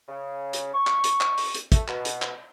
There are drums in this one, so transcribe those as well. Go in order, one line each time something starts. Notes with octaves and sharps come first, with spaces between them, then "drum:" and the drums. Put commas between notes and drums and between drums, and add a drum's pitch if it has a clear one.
C#3
drum: hi-hat
C#6
drum: clap
drum: hi-hat
drum: clap
drum: open hi-hat
drum: hi-hat
A3, drum: kick, hi-hat
B2, drum: clap
drum: hi-hat
drum: clap